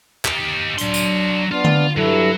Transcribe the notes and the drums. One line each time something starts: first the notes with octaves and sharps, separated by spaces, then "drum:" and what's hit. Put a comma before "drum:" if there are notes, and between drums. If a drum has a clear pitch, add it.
D#4 G4, drum: clap
F#3 D4 C6, drum: hi-hat
drum: tambourine
B3 D4 F4
drum: tom D3
G2 F#3 E4 A4